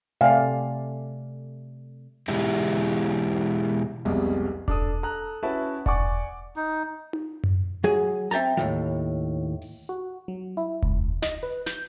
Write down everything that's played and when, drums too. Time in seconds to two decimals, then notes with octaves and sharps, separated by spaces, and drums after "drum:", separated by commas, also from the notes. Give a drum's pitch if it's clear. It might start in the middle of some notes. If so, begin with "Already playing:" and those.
0.21 C3 A3 D5 E5 F5 G5 G#5
2.28 B2 E3 G#3 E4 G4
4.05 F1 C2 B2 G3 G#3, drum: open hi-hat
4.68 D4 A4 D#6, drum: kick E1
5.03 A4 A#5 F#6
5.43 C#4 E4 F#4 B4 E5 A5
5.86 D5 F#5 G#5 C#6 D6, drum: kick E1
6.56 D#4
7.13 drum: tom D#4
7.44 drum: tom F#2
7.84 F#3 G#4
8.31 C4 E5 G5 A5 A#5
8.57 D#2 A2 F3
9.62 drum: open hi-hat
9.89 F#4
10.28 F#3
10.57 E4
10.82 C#2, drum: kick E1
11.22 D#5, drum: snare
11.43 B4
11.66 G6, drum: snare